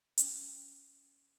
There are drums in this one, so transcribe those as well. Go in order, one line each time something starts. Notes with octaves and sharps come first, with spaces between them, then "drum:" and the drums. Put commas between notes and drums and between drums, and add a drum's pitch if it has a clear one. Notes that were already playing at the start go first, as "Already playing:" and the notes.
C#4, drum: hi-hat